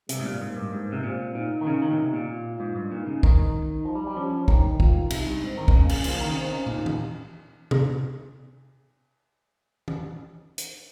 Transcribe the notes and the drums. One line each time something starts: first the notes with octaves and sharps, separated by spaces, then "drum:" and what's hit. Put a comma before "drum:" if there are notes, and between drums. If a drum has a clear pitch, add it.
C3 G3, drum: hi-hat
G#2
A#2
G#2 A#3
G2
G#2
C3
A#2 C4
A#2 D#4
D#3
C#3
D#3
A#2
C3
A#2
F4
G#2
G2
A#2 D#4
C#3
D#3 D#4, drum: kick
F3
G3
G3
F3 C#4
D#3 D#4, drum: kick
F4, drum: kick
C3 D#4, drum: cymbal
G2
G#2 C4
D#3
D#3, drum: kick
C#3 A#3
C#3, drum: cymbal
F3 A#3, drum: cymbal
D#3
C#3
D#3 C4
C#3
A#2 D#4, drum: tom
drum: tom
drum: tom C3
drum: tom
drum: hi-hat